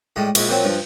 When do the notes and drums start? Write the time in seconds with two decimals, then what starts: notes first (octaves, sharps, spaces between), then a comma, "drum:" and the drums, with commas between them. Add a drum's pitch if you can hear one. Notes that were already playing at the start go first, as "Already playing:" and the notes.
0.16 A2 G3 G#3
0.35 A#1 G#3 E4, drum: cymbal
0.48 A#2 F3 F#3 C4
0.64 G2 F3